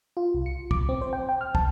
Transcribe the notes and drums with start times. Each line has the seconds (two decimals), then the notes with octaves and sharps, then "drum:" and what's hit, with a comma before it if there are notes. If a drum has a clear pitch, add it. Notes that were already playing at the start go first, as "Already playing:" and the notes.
0.17 F4
0.34 C2
0.46 C#7
0.71 D6, drum: kick
0.89 C4
1.01 C5
1.13 G5
1.29 G5
1.41 F6
1.55 A5, drum: kick